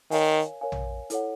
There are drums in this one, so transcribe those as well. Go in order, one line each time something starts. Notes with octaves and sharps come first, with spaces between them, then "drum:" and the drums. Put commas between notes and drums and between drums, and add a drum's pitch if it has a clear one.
D#3 A#4 C#5 F5 G#5, drum: open hi-hat
A#4 C#5 F5 G#5
drum: tom A#1
E4 A4 C#5 F#5, drum: hi-hat